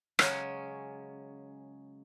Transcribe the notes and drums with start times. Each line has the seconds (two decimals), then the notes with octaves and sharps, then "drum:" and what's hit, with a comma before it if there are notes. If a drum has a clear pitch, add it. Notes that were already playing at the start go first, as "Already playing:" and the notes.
0.19 C#3 F#3 G#3 C#4, drum: rim click